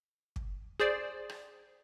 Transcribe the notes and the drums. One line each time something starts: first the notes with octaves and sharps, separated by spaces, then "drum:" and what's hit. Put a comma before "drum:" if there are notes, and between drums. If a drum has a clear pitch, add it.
drum: kick
G#4 C5 D5
drum: rim click